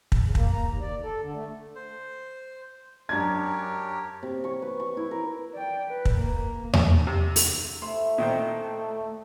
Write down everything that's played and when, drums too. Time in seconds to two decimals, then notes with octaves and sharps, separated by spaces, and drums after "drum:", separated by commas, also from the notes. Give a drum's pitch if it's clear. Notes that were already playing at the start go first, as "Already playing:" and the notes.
0.12 drum: kick
0.24 C#3
0.35 A#3, drum: kick
0.53 A#5
0.65 D#2
0.81 D5
1.03 A4
1.21 D3
1.34 A3
1.75 C5
3.09 F#2 D4 G4 A#4 C#5 G#6
4.23 C3
4.44 C#6
4.62 B4
4.80 C#6
4.97 E4
5.11 A#4
5.54 D5 G5
5.88 B4
6.05 drum: kick
6.17 A#3
6.73 drum: tom E2
7.07 C3
7.36 drum: open hi-hat
7.82 A3 E4 C5 E5 C6
8.18 A#2 D#3 C4